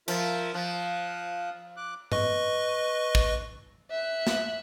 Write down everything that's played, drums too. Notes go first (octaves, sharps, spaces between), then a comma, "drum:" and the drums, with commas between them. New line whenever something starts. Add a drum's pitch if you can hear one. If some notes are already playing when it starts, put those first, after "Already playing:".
F3 F4 A#4 E5, drum: cymbal
F3 F5 D#6 F#6
D6 F#6
B4 D#5 C#6, drum: tom
drum: kick
E5 F#6
drum: snare